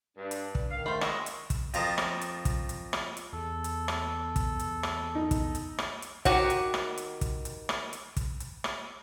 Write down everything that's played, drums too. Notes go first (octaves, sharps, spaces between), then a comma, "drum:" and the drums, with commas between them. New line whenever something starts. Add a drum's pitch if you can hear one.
G2 D4
drum: hi-hat
drum: kick
D#3 F5
A3 C5 B5
G#3 F4 A4 D#5 E5 C#6, drum: rim click
drum: hi-hat
drum: kick, hi-hat
F2 F4 A#4 A5 D#6, drum: hi-hat
drum: rim click
drum: hi-hat
drum: kick, hi-hat
drum: hi-hat
drum: rim click
drum: hi-hat
E2 A4
drum: hi-hat
drum: rim click
drum: kick, hi-hat
drum: hi-hat
drum: rim click
D#4
drum: kick, hi-hat
drum: hi-hat
drum: rim click
drum: hi-hat
D#3 F#4 G4 F#5, drum: kick, hi-hat
drum: hi-hat
drum: rim click
drum: hi-hat
drum: kick, hi-hat
drum: hi-hat
drum: rim click
drum: hi-hat
drum: kick, hi-hat
drum: hi-hat
drum: rim click